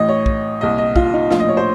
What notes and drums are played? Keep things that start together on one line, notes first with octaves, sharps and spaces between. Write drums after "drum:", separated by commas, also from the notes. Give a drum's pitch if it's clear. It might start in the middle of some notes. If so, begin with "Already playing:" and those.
Already playing: A1 A2 D#5
C#5
drum: kick
C2 A#2 D#5
D#5
F4, drum: kick
D#4
A#1 A2 F4, drum: snare
D#5
C#5
C5